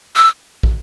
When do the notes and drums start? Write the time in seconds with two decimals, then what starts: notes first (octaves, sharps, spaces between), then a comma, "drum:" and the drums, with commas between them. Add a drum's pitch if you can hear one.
0.16 E6
0.63 drum: kick